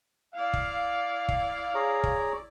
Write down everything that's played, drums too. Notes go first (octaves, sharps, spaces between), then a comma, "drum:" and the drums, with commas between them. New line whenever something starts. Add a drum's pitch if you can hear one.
E4 D5 F5
drum: kick
drum: kick
G#4 C#5 A#5
drum: kick